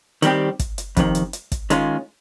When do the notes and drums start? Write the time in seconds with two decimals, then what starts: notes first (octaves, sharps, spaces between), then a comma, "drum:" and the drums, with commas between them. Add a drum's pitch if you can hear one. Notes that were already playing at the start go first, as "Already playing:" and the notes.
0.22 D#3 G3 C4 G4, drum: hi-hat
0.59 drum: kick, hi-hat
0.78 drum: hi-hat
0.97 F2 C3 D#3, drum: kick, hi-hat
1.15 drum: hi-hat
1.33 drum: hi-hat
1.52 drum: kick, hi-hat
1.70 D#3 G#3 C#4 F4, drum: hi-hat